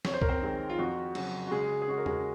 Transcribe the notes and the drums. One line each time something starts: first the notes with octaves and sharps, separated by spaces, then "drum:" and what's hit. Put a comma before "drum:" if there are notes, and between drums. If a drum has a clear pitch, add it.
F2 C#5, drum: snare
C5
A#4, drum: kick
C4 C5
D#3 G#3 C4
F4
F2 F#4
C#3 F#3, drum: cymbal
F#4
C#3 G#3 G#4
G#4
G#3 C#4 F#4
A#4
G#3 G#4, drum: tom E2